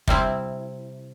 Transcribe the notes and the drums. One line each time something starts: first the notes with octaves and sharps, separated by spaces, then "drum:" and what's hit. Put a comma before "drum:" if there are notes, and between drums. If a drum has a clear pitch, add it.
C3 G3 C4 E4, drum: kick